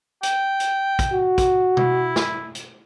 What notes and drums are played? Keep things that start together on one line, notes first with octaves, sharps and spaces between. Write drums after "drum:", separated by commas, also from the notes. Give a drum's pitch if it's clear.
G5, drum: hi-hat
drum: hi-hat
drum: kick, hi-hat
F#4
drum: kick, hi-hat
E4, drum: tom B2
drum: snare
drum: hi-hat